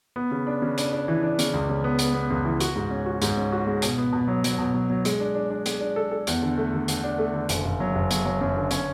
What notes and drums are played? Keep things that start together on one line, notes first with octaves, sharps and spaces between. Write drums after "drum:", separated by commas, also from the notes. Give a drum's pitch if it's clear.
B3
C#3
D4
C#3
D4, drum: hi-hat
D4
E3
D4
C#3, drum: hi-hat
C#2
C#3
B3
B3, drum: hi-hat
B3
C#2
E3
F#4, drum: hi-hat
G#2
C#4
F#4
G#2, drum: hi-hat
C#4
F#4
G#3
B2, drum: hi-hat
B3
B2
F#3
F#3, drum: hi-hat
B2
F#3
F#3
G#3, drum: hi-hat
D4
D4
D4
G#3, drum: hi-hat
D4
A4
A4
E2, drum: hi-hat
D3
A3
D3
D3, drum: hi-hat
D4
A3
D3
F#1, drum: hi-hat
F#1
F#3
F#1
F#3, drum: hi-hat
F#3
F#2
D3
C#4, drum: hi-hat